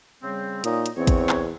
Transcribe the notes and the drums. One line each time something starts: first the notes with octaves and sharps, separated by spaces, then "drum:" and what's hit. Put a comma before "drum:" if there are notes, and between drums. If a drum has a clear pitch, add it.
C#3 G3 C4
A#2 F#3 D#4 D#5, drum: hi-hat
drum: hi-hat
E2 C4 C#5
drum: kick, hi-hat
drum: clap